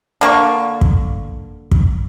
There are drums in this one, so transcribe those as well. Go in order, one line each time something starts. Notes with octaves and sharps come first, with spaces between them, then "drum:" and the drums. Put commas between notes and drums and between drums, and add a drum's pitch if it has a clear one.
D3 A#3 C#6
drum: kick
drum: kick